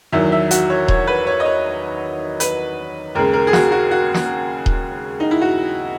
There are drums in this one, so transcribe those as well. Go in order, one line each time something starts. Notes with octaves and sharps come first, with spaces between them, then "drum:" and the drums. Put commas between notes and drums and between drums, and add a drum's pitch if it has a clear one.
E2 D#3 F#3 E5
E5
F#4, drum: hi-hat
C#5
C#5, drum: kick D#1
B4
C#5
D#5
C#5
B4, drum: hi-hat
D#2 C#3 G#3 A#4
A#4
G#4
F#4, drum: snare
F#4
F#4
drum: snare
drum: kick D#1
D#4
E4
F#4